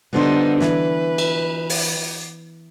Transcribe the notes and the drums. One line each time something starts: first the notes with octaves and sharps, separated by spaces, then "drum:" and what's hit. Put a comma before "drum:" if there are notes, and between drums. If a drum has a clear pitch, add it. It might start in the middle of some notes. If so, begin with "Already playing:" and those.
D3 G3 B3 D#4 F4 C5
E3 B4, drum: snare
drum: cymbal
drum: open hi-hat